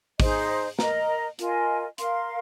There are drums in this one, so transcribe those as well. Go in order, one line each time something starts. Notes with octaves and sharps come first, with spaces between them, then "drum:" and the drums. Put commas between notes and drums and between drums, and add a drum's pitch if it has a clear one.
D#4 G#4 C5 D#5, drum: kick, open hi-hat
A#4 D#5 A#5, drum: snare
F4 A#4 D#5 G#5, drum: hi-hat
A#4 F5 C6, drum: hi-hat